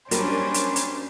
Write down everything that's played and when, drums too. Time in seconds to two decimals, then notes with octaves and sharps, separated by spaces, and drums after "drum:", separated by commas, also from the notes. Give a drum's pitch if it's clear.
0.11 F#3 G3 A#3 C#4 D4 C5, drum: hi-hat
0.54 drum: hi-hat
0.76 drum: hi-hat